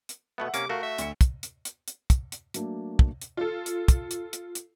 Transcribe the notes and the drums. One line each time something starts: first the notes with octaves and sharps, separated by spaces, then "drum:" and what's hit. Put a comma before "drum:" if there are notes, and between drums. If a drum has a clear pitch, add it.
drum: hi-hat
B2 A3 B3 E5 F#5
C3 A#3 C#4 D6, drum: hi-hat
A3 F#4 A#4 F5
E5
D2 C#7, drum: hi-hat
drum: kick, hi-hat
drum: hi-hat
drum: hi-hat
drum: hi-hat
drum: kick, hi-hat
drum: hi-hat
F#3 A3 A#3 D4, drum: hi-hat
drum: kick
drum: hi-hat
F4 A4
drum: hi-hat
drum: kick, hi-hat
drum: hi-hat
drum: hi-hat
drum: hi-hat